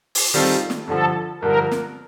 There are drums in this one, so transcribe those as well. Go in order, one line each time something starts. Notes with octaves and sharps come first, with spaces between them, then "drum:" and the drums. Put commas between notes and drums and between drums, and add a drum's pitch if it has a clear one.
drum: open hi-hat
D#3 G3 C4 F4 A4
drum: snare
G2 D3 F3 A4
G2 D3 F3 A#4
drum: snare